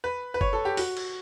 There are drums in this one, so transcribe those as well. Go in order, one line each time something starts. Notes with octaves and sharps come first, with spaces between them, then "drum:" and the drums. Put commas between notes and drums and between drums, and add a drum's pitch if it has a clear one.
B4
B4
C#5, drum: kick F#1
A4
G4
F#4, drum: open hi-hat
drum: cymbal